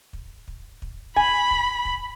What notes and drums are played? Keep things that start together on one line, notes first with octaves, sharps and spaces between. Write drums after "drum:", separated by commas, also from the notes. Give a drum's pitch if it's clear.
drum: kick
drum: kick
drum: kick
G#5 B5, drum: kick
drum: kick
drum: kick